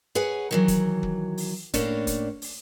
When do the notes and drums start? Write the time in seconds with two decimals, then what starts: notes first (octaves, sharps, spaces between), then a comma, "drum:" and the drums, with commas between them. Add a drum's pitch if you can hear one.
0.15 G#4 B4 C#5 F#5 G#5
0.51 D#3 E3 F#3
0.68 drum: kick, hi-hat
1.03 drum: kick
1.38 drum: open hi-hat
1.74 A2 A#3 C#4 D4, drum: kick, hi-hat
2.07 drum: kick, hi-hat
2.42 drum: open hi-hat